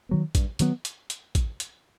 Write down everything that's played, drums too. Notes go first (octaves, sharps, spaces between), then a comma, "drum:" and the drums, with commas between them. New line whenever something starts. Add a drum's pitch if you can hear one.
D#3 F#3 B3
G2, drum: kick A1, hi-hat
D#3 F#3 B3, drum: hi-hat
drum: hi-hat
drum: hi-hat
drum: kick A1, hi-hat
drum: hi-hat